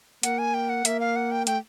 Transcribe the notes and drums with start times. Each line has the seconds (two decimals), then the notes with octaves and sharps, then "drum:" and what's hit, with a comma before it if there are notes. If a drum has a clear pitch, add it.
0.23 A#3 F#5, drum: hi-hat
0.38 G#5
0.54 G5
0.69 F#5
0.85 A#3 E5, drum: hi-hat
1.00 F5
1.16 F#5
1.31 G5
1.47 A3 G5, drum: hi-hat